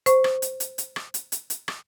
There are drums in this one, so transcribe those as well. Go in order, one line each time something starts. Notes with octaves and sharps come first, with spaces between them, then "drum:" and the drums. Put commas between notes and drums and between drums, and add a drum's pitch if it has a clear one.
C5 C#6, drum: hi-hat
drum: rim click
drum: hi-hat
drum: hi-hat
drum: hi-hat
drum: rim click
drum: hi-hat
drum: hi-hat
drum: hi-hat
drum: rim click